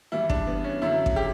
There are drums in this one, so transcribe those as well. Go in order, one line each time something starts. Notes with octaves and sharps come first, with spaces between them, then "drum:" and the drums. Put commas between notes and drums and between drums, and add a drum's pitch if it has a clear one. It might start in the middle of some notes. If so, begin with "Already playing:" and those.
G2 E3 G3 E4
D4, drum: kick
B3
C#4
F#2 D3 F#3 E4
drum: kick
G4